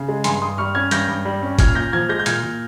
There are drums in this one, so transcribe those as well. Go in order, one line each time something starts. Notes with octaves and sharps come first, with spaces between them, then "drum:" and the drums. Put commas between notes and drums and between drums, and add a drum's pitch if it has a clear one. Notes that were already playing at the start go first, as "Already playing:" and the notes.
Already playing: C#3
G#3
G2 G#5 C6, drum: hi-hat
G2 C6 D#6
G3 C#6 F6
C#4 F6 G#6
G2 G6 A#6, drum: hi-hat
G2
G3
C#4
A#2 F6 G#6, drum: kick G1, hi-hat
A#2 G6 A#6
F3 F6 G#6
G#3 G6 A#6
G6
A#2 F6 G#6, drum: hi-hat
A#2